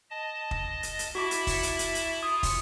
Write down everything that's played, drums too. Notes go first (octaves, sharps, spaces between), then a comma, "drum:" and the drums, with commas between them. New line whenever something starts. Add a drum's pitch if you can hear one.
D#5 A5
drum: kick
drum: hi-hat
drum: hi-hat
E4 F#4 E5 A5 B5 D6
drum: hi-hat
drum: kick, open hi-hat
drum: hi-hat
drum: hi-hat
drum: hi-hat
F4 D#6
drum: kick, open hi-hat